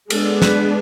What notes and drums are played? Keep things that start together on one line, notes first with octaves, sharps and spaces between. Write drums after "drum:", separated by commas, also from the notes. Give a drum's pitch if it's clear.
G#3 B3 D4 A4, drum: cymbal
B4, drum: snare